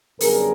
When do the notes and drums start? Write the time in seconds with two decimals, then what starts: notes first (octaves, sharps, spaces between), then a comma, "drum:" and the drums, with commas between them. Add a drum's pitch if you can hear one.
0.20 F#2 D3 G3 B3 G#4 A#4, drum: open hi-hat